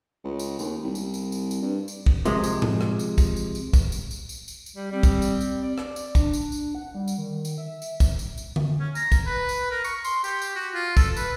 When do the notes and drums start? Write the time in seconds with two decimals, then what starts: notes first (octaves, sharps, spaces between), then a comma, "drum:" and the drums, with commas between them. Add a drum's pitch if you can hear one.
0.24 C#2
0.39 drum: tambourine
0.59 D#2, drum: tambourine
0.84 C2
0.95 drum: tambourine
1.14 drum: tambourine
1.32 drum: tambourine
1.51 drum: tambourine
1.62 G2
1.88 drum: tambourine
2.06 drum: kick
2.25 C3 F3 G#3, drum: tambourine
2.44 drum: tambourine
2.62 drum: tom A2
2.81 drum: rim click
2.99 drum: tambourine
3.18 drum: kick, tambourine
3.36 drum: tambourine
3.55 drum: tambourine
3.73 drum: kick, tambourine
3.92 drum: tambourine
4.11 drum: tambourine
4.29 drum: tambourine
4.48 drum: tambourine
4.66 drum: tambourine
4.76 G3
4.92 G3 C4
5.03 drum: kick, tambourine
5.22 drum: tambourine
5.41 drum: tambourine
5.63 D5
5.78 drum: rim click
5.96 drum: tambourine
6.15 D4, drum: kick, tambourine
6.33 drum: tambourine
6.52 drum: tambourine
6.75 F#5
6.95 G3
7.08 drum: tambourine
7.18 D#3
7.45 drum: tambourine
7.58 E5
7.82 drum: tambourine
8.00 drum: kick, tambourine
8.19 drum: tambourine
8.37 drum: tambourine
8.56 drum: tom D3
8.79 C#4
8.95 A#5, drum: tambourine
9.12 drum: kick, tambourine
9.26 B4
9.49 drum: tambourine
9.71 A#4
9.84 C#6, drum: tambourine
10.04 C6, drum: tambourine
10.24 G4, drum: tambourine
10.42 drum: tambourine
10.55 F#4
10.74 F4
10.97 A4, drum: kick, tambourine
11.16 B4, drum: tambourine